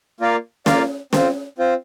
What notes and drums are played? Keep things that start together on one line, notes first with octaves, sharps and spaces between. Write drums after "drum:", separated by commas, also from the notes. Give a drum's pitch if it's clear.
A#3 F4 A#4 D5 F5
A#3 F4 A#4 D5 F5, drum: snare
C4 F4 C5, drum: snare
C4 F4 C5